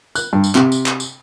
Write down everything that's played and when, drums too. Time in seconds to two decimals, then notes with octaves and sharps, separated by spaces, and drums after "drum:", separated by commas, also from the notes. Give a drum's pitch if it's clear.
0.15 F#6, drum: tambourine
0.33 G2
0.44 drum: tambourine
0.55 C3, drum: clap
0.72 drum: tambourine
0.86 drum: clap
1.00 drum: tambourine